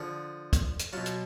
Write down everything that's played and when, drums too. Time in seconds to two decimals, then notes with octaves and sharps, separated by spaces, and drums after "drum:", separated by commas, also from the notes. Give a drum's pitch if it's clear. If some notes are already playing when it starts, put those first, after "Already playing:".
Already playing: D3 F3 G#4
0.53 drum: kick, hi-hat
0.79 drum: hi-hat
0.93 B2 F#3 F4
1.06 drum: hi-hat